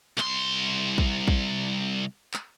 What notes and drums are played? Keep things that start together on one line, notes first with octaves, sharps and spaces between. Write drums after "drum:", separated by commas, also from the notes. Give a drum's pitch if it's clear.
C2 C6, drum: clap
drum: kick
drum: kick
drum: clap